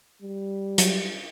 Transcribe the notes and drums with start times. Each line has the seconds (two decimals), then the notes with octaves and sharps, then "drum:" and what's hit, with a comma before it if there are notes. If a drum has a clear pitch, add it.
0.22 G3
0.78 F#3, drum: hi-hat